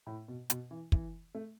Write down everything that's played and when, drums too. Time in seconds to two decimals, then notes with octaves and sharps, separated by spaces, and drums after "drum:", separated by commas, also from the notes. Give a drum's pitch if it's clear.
0.07 A2
0.28 B2
0.50 B2, drum: hi-hat
0.71 E3
0.92 E3, drum: kick
1.35 A3